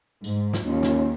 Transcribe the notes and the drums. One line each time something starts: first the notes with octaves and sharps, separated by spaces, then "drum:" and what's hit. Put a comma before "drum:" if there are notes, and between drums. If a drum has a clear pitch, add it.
G#2, drum: tambourine
drum: snare
D#2 C#4 F4
drum: snare